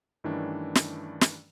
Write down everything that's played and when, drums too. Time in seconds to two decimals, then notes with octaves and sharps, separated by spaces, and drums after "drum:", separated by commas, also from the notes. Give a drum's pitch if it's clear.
0.24 G2 D#3 E3 A3 C#4 D4
0.75 drum: snare
1.21 drum: snare